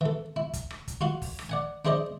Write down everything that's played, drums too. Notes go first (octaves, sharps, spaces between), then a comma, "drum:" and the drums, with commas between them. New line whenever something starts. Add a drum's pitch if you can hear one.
E3 A4
E4
drum: kick, hi-hat
drum: rim click
drum: kick, hi-hat
F4 F#4 F5
drum: kick, open hi-hat
drum: rim click
D5 F#5 G#5
D4 E4 G#4 C5 D5 D#5